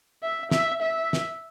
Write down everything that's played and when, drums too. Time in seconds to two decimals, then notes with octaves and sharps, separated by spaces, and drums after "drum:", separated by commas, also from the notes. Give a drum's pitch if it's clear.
0.23 E5
0.51 E5, drum: snare
0.82 E5
1.13 drum: snare